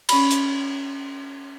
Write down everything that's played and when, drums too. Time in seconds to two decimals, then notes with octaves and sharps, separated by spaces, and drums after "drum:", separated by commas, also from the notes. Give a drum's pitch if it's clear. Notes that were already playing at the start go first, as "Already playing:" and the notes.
0.09 C#4 B5, drum: cymbal
0.31 drum: hi-hat